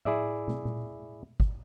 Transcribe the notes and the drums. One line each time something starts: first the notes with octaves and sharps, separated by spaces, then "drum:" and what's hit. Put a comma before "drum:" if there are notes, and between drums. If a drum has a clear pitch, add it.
E4 G#4 D5 E5, drum: tom A2
drum: tom
drum: tom A#2
drum: kick